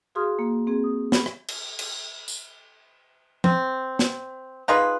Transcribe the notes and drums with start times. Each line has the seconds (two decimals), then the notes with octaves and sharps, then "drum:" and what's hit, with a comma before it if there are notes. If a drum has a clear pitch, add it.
0.15 F#4 G#4 F5 C6 D#6 F6
0.39 A#3
0.67 C4 G#4
0.84 D#6
1.12 B5, drum: snare
1.26 drum: rim click
1.48 drum: cymbal
1.79 drum: cymbal
2.28 drum: tambourine
3.44 C4, drum: tom
3.99 drum: snare
4.68 D#4 F4 G#4 B4